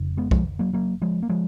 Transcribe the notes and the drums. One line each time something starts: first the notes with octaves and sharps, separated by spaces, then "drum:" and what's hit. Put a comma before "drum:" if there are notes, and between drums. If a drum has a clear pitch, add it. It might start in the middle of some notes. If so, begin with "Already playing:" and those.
Already playing: F1 F2 C#3
G#3 B3
F3 G#3, drum: kick
F#3 A#3
F#3 A#3
F3 G#3
A#3
F3 G#3